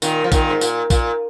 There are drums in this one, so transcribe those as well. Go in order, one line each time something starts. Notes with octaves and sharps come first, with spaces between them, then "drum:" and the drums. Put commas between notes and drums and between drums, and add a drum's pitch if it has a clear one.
A#2 D#3, drum: tambourine
F3
A#2 D#3, drum: kick A#1, tambourine
G#2
A#2, drum: tambourine
A#2, drum: kick A#1, tambourine